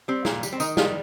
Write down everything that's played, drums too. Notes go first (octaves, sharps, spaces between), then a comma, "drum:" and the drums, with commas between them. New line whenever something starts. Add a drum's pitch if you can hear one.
G3 C4
A#2, drum: snare
G3, drum: tambourine
C4
D#3 D#4, drum: tambourine
G3 F4, drum: snare